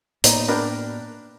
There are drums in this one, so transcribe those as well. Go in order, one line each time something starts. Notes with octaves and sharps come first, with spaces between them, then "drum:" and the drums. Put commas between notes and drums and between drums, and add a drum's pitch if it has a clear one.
A2 F#3 G3 A#3 B3 D#4, drum: hi-hat
D4 F#4 A#4 B4 G5